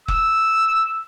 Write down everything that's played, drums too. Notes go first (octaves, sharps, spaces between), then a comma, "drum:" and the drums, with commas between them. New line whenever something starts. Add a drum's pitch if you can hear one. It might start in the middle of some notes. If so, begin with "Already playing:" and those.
E6, drum: kick F1